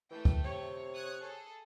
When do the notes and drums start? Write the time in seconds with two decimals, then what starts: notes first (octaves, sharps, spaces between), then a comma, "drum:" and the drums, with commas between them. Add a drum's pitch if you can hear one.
0.10 E3 A3 G5
0.25 drum: kick
0.44 C3 C#5
0.93 D#6 F#6 G#6
1.24 G#4 A4